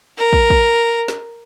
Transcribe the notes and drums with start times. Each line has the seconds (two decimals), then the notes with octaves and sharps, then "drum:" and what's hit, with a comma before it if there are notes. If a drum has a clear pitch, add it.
0.18 A#4
0.33 drum: kick
0.50 drum: kick
1.08 drum: snare